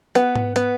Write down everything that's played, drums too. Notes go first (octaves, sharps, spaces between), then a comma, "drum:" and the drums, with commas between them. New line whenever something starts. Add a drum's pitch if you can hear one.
B3 F#5, drum: hi-hat
drum: tom G#2
B3, drum: hi-hat